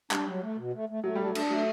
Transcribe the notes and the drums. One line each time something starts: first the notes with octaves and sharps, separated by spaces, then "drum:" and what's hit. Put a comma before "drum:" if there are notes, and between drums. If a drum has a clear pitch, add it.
G3 D4, drum: clap
F#3
A3
B2
A3
A3
F#3 A3
G3 D4
F#3
D4, drum: cymbal
F#3 A3